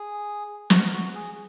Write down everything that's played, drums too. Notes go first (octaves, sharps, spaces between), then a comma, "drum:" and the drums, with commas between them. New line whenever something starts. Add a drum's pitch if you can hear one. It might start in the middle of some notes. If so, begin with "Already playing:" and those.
Already playing: G#4
F#4, drum: snare
F#4
G#4